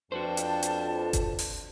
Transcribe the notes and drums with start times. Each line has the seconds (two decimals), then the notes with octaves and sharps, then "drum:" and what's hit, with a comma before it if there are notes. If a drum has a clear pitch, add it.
0.12 F2 D4 F#4 B4 C5 G5 A5
0.37 drum: hi-hat
0.63 drum: hi-hat
1.13 drum: kick F#1, hi-hat
1.39 drum: open hi-hat